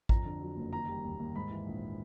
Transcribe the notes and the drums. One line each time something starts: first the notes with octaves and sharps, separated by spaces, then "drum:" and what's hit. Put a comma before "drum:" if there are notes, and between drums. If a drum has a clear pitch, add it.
F2 A#5, drum: kick A1
D3
F#3
F#1
D#3 A#5
G3
D#2
D#2
G#2 B5
E3
A#1